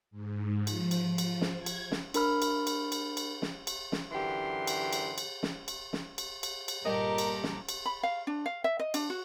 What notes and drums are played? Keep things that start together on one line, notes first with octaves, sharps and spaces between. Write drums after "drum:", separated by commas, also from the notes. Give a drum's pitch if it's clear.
G#2
F3, drum: cymbal
drum: cymbal
F3, drum: cymbal
drum: snare
G#6
drum: cymbal
drum: snare
D4 A#4 B5 F6, drum: cymbal
drum: cymbal
drum: cymbal
drum: cymbal
drum: cymbal
drum: snare
drum: cymbal
drum: snare
F#2 D3 E3 G4 C6
drum: cymbal
drum: cymbal
drum: cymbal
drum: snare
drum: cymbal
drum: snare
drum: cymbal
drum: cymbal
drum: cymbal
G1 A#2 G3 G4 A4 A#4 D#5 A#5
drum: cymbal
drum: snare
drum: cymbal
B5
F5
D4
F5
E5
D#5
D4, drum: cymbal
F#4